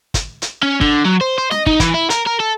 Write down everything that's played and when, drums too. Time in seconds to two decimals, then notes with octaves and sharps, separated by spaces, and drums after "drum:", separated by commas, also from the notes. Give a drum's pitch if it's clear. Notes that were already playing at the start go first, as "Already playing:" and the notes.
0.14 drum: kick, hi-hat
0.42 drum: hi-hat
0.63 C#4
0.81 D3, drum: kick
1.05 F#3
1.21 C5
1.38 C5
1.51 D#5, drum: snare
1.66 D#4, drum: kick
1.80 E3, drum: kick, hi-hat
1.94 E4
2.10 A#4, drum: hi-hat
2.26 A#4
2.40 A4